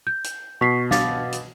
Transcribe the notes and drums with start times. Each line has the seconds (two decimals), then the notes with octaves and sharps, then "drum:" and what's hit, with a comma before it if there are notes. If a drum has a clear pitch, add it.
0.07 G6
0.24 drum: hi-hat
0.61 B2 C#6 B6 C7
0.91 F5 D6 A6, drum: snare
1.32 drum: hi-hat